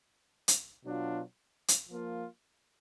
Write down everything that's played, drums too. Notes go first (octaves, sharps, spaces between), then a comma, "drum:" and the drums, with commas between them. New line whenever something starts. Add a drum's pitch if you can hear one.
drum: hi-hat
B2 F#3 D4 F4
drum: hi-hat
F3 A#3 F4